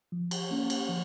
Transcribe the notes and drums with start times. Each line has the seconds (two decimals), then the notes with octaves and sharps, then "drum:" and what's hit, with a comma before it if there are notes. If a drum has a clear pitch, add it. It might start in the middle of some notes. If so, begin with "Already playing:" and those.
0.12 F3
0.31 drum: cymbal
0.51 A#3 C#4
0.70 drum: cymbal
0.89 F3